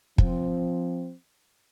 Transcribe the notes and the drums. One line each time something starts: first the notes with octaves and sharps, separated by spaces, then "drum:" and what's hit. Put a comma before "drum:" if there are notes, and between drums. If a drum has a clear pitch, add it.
F3 C4, drum: kick